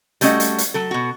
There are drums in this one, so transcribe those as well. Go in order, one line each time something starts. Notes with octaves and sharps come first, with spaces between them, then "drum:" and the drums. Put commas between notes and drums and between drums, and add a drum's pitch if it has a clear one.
G3 A3 C#4 F#4 D#5 F#5, drum: hi-hat
drum: hi-hat
drum: hi-hat
F#3 A4
B2 F#4